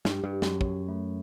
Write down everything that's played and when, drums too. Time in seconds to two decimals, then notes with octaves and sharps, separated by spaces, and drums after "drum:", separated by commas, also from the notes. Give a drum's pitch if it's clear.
0.05 G2 G4, drum: snare
0.24 G2
0.33 G4
0.42 F#2, drum: snare
0.61 C#5, drum: kick
0.89 A3